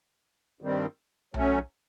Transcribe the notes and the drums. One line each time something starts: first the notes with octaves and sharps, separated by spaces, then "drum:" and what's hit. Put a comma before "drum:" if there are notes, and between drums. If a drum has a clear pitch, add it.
G2 D#3 G3 C4
F#3 A3 C#4, drum: tom B1